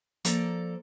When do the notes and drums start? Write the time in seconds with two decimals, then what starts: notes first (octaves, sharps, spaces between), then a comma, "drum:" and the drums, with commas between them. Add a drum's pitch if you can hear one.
0.25 F3 A#3 A4 D5 A#5, drum: hi-hat